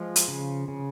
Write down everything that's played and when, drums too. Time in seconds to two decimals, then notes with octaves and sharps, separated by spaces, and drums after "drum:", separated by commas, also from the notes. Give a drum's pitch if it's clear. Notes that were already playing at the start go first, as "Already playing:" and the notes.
Already playing: F3 G#3
0.16 drum: hi-hat
0.28 C#3
0.68 C#3